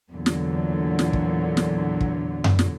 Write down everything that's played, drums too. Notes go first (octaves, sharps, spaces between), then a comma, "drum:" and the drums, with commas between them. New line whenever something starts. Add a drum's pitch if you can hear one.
E2 A#2 D3 F#3
drum: snare
drum: snare
drum: kick
drum: snare
drum: kick
drum: tom F#2
drum: snare